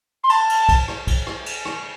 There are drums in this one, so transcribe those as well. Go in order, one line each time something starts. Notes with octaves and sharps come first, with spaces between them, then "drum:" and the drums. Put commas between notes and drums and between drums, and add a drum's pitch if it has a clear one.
C6
A5, drum: cymbal
drum: cymbal
drum: kick B1, cymbal
drum: rim click
drum: kick B1, cymbal
drum: rim click
drum: cymbal
drum: rim click